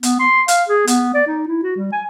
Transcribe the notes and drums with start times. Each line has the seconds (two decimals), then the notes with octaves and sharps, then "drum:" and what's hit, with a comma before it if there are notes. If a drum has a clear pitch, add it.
0.03 B3, drum: hi-hat
0.20 C6
0.48 F5, drum: hi-hat
0.69 G#4
0.87 B3, drum: hi-hat
1.15 D5
1.27 D#4
1.48 E4
1.63 F#4
1.77 G3
1.92 G#5